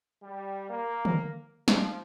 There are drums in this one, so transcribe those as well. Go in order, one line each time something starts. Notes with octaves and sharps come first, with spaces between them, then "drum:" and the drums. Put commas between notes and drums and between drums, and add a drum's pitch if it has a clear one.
G3
A#3
drum: tom D3
F3, drum: snare